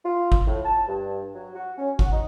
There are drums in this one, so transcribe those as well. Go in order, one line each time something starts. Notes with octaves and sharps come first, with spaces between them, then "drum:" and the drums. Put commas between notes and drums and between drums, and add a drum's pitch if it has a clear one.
F4
drum: kick
A2
A5
G2
F#3
F#4
C#4
F#4, drum: kick
D#4